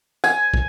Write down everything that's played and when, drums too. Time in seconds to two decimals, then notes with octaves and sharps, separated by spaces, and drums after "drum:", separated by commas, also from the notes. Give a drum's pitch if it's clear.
0.24 G#5, drum: tambourine
0.54 drum: kick